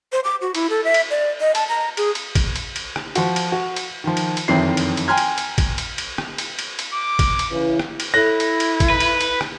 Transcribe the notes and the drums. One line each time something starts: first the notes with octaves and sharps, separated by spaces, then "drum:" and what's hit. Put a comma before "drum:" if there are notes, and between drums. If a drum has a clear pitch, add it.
C5
D6
F#4
E4, drum: cymbal
A4
E5
drum: cymbal
D5
D#5
A5, drum: cymbal
A#5
G#4, drum: cymbal
drum: cymbal
drum: kick, cymbal
drum: cymbal
drum: cymbal
drum: rim click
F3 F#4, drum: cymbal
drum: cymbal
F#4
drum: cymbal
D#3 F3
drum: cymbal
drum: cymbal
F#1 F2 D#3 E3 C4 C7
drum: cymbal
drum: cymbal
G5 G#5 A#5 C6 F6 G#6
drum: cymbal
drum: cymbal
drum: kick, cymbal
drum: cymbal
drum: cymbal
drum: rim click
drum: cymbal
drum: cymbal
drum: cymbal
D6
drum: kick, cymbal
drum: cymbal
C#3 E3
drum: rim click
drum: cymbal
E4 A4 C#5 F#6 A#6
drum: cymbal
drum: cymbal
drum: kick, cymbal
B4
drum: cymbal
drum: cymbal
drum: rim click